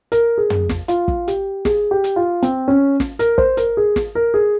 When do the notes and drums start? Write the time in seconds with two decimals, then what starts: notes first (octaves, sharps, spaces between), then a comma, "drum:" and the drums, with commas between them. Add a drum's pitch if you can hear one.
0.12 A#4, drum: hi-hat
0.38 G#4
0.50 drum: tom
0.69 drum: snare
0.88 F4, drum: hi-hat
1.08 drum: kick
1.28 G4, drum: hi-hat
1.65 G#4, drum: snare
1.91 G4
2.04 drum: hi-hat
2.16 F4
2.43 C4, drum: hi-hat
2.68 C#4
3.00 drum: snare
3.19 A#4, drum: hi-hat
3.38 C5, drum: kick
3.57 A#4, drum: hi-hat
3.77 G#4
3.96 drum: snare
4.15 A#4
4.34 G#4